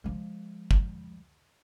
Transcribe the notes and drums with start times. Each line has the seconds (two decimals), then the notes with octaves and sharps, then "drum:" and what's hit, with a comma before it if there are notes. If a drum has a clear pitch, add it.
0.04 F3 G#3
0.71 drum: kick